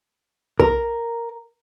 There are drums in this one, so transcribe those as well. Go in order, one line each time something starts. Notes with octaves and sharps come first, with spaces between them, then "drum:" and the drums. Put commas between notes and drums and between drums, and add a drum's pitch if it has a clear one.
A#4, drum: kick